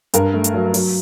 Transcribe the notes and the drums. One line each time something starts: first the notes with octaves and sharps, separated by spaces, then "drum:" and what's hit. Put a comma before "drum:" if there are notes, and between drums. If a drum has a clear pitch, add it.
G2 A#4, drum: hi-hat
A3
drum: hi-hat
F#3
F#3, drum: open hi-hat